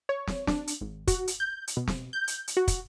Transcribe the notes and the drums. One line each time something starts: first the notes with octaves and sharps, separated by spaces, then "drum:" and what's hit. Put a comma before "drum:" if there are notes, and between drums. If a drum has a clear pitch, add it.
C#5
drum: snare
D4, drum: snare
drum: hi-hat
G#1
F#4, drum: kick, hi-hat
drum: hi-hat
G6
drum: hi-hat
B2
drum: snare
G6
drum: hi-hat
drum: hi-hat
F#4
drum: kick, hi-hat